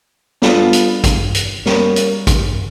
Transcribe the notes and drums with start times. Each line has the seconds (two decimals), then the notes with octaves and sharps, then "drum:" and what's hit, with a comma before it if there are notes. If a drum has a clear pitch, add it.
0.42 G3 B3 D4 F4 A4, drum: snare
0.73 drum: hi-hat
1.04 drum: kick G#1, hi-hat
1.35 drum: hi-hat
1.66 G3 A#3 C#4, drum: snare
1.96 drum: hi-hat
2.27 drum: kick G#1, hi-hat